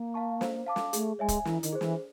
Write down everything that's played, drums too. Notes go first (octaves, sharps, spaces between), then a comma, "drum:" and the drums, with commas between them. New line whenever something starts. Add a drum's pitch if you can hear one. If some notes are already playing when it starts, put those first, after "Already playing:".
Already playing: A#3
F5 A5 C#6
C5, drum: snare
F5 A5 D6
drum: snare
A3 G#4, drum: hi-hat
G#3 C#5 E5 G#5
drum: kick, hi-hat
E3 E4, drum: snare
D#3, drum: hi-hat
G#4 C5
E3, drum: snare